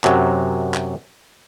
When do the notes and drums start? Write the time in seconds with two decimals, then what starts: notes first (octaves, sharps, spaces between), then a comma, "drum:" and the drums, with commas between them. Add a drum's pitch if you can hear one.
0.04 F#2 C3 F#3, drum: clap
0.74 drum: clap